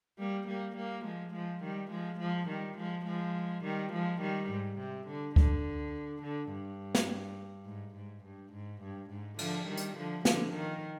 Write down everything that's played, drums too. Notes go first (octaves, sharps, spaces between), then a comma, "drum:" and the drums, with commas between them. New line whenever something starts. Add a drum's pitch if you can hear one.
G3 A#3
G3 A#3
G3 A#3
F3 G#3
F3 G#3
D#3 G3
F3 G#3
F3 G#3
D#3 G3
F3 G#3
F3 G#3
D#3 G3
F3 G#3
D#3 G3
G#2
C3
D3
D3, drum: kick C#2
D3
G2
drum: snare
G#2
G#2
G2
G#2
G2
G#2
D3 F3, drum: cymbal
D#3 G3
drum: hi-hat
D3 F3
D3 F3, drum: snare
D#3